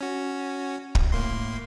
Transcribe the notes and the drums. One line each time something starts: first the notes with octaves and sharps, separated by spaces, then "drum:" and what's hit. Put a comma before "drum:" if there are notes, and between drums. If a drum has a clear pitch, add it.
C#4 F#4
drum: kick
A2 A#3 C6